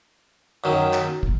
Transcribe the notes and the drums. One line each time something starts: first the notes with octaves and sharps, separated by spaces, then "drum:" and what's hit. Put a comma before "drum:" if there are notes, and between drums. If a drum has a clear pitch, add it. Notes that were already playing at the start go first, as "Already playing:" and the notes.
F#2 D#3 F#3
drum: clap
drum: kick